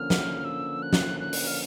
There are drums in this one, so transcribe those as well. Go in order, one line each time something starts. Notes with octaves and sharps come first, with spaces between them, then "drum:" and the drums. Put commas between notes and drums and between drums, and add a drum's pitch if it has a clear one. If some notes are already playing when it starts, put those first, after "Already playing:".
Already playing: D3 F3 A#3 C#4 F6
drum: snare
E6
F#6
drum: snare
F#6
drum: open hi-hat
F6